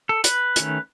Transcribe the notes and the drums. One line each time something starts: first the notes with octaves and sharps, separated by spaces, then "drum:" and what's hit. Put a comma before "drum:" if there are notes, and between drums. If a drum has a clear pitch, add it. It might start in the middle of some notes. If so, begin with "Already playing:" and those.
A4
B4, drum: hi-hat
D#3 A3 C#4, drum: hi-hat